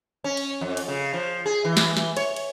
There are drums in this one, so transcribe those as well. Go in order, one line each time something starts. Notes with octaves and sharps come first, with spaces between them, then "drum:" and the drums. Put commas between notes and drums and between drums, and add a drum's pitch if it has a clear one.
C#4
drum: cymbal
F2
drum: cymbal
C#3
F3
G#4
E3
drum: snare
drum: snare
C#5, drum: cymbal
drum: cymbal